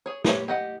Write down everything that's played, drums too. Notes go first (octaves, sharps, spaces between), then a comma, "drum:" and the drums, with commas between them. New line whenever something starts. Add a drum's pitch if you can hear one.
G#4 C#5
G4 B4 C#5, drum: snare
G4 D#5 F#5